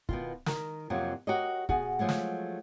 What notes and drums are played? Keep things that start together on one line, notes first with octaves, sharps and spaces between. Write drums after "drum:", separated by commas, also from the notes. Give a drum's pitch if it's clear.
B2 D#3 F4, drum: kick
D#3 A#4, drum: snare
F2 C3 F3 F#3 A#3
F#4 G4 A#4 C#5 D#5
B2 F#4 G#4, drum: kick
F3 F#3 G#3 A3
drum: snare